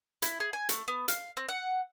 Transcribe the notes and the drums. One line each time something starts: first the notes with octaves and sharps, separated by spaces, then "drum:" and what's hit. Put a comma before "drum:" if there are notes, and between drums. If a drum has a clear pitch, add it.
E4, drum: hi-hat
G#4
G#5
A3, drum: hi-hat
B3
F5, drum: hi-hat
C4
F#5